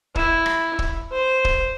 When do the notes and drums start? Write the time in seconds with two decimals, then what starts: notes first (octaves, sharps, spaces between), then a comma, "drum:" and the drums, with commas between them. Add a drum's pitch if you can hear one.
0.15 E4, drum: kick
0.46 drum: rim click
0.79 drum: kick
1.12 C5
1.45 drum: kick